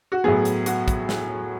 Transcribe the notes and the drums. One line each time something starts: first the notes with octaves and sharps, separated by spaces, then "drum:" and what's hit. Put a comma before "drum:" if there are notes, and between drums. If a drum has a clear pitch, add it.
F#4
A2 F#3 B3 G#4
drum: hi-hat
F#4, drum: hi-hat
drum: kick, hi-hat
drum: snare